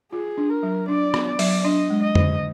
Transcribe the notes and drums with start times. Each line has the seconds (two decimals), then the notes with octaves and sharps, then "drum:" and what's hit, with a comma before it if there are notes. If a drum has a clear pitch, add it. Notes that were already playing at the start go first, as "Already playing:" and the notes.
0.13 F4 G#4
0.37 D4
0.50 A#4
0.63 F#3
0.88 D4 D5
1.14 B3, drum: rim click
1.27 D5
1.39 F#3, drum: open hi-hat
1.64 D4 D#5
1.90 G#3
2.03 D#5
2.15 D3, drum: tom F2